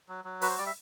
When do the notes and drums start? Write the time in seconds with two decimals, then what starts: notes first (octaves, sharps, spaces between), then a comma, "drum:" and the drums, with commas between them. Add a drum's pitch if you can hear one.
0.09 F#3
0.25 F#3
0.41 F#4 B4, drum: open hi-hat
0.50 C5
0.58 G3 D5
0.66 E5